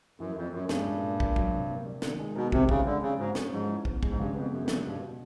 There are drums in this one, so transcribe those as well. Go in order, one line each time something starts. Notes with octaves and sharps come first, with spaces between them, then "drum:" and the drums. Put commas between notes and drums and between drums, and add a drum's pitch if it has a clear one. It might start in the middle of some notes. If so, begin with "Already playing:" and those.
F#2 E3
F2 E4
F#2 C#4
G2 G#3, drum: snare
A#2
A#2
A#3, drum: kick
F#3, drum: kick
C3
A#3
G3
D#3, drum: snare
G#3
B2 A#4
C3 F4, drum: kick
C#3 C4, drum: kick
D3 G#3
C#3 G#3
G#2 F#4
C#4, drum: snare
G#2 F3
E4
B3, drum: kick
G#3, drum: kick
G#2
G2 C#3
F2 B3
F#2 G#3
F2
F#2 E3, drum: snare
G2 B2
B2